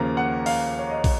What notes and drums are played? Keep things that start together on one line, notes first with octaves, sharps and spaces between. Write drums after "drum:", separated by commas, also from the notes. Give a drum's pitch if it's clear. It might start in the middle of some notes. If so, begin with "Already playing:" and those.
Already playing: D#2 C#3 F3 A#3 A#5
F#5
F5, drum: open hi-hat
C#5
D#5
drum: kick, open hi-hat